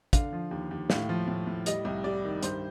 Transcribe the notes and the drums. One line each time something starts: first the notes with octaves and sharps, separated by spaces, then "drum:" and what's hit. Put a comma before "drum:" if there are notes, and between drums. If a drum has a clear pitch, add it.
D3 F5, drum: kick, hi-hat
F3
D#2
D#2
A2 F5, drum: snare
F3
A2
A2
G3 D#5, drum: hi-hat
C2
G3 D5
D#3
G2 C5, drum: hi-hat